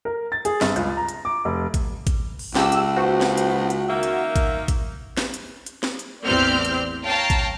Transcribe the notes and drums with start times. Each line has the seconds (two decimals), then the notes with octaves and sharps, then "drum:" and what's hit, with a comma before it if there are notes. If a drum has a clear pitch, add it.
0.05 A#4
0.32 A6
0.45 G#4, drum: hi-hat
0.61 G1, drum: snare
0.76 C#2, drum: hi-hat
0.97 A#5
1.09 drum: hi-hat
1.25 D6
1.45 F1
1.74 drum: kick A1, hi-hat
2.07 drum: kick A1, hi-hat
2.39 drum: open hi-hat
2.55 C#2 G4 E6, drum: snare
2.72 drum: hi-hat
2.96 D#2 B3 F#4 C5
3.21 drum: snare
3.37 drum: hi-hat
3.70 drum: hi-hat
3.89 D#3 A#3 E5
4.03 drum: hi-hat
4.36 drum: kick A1, hi-hat
4.68 drum: kick A1, hi-hat
5.17 drum: snare
5.34 drum: hi-hat
5.66 drum: hi-hat
5.83 drum: snare
5.99 drum: hi-hat
6.24 A1 E2 C4 D5 F6 G6
6.65 drum: hi-hat
7.04 C#5 F5 G5 A5 A#5
7.30 drum: kick A1, hi-hat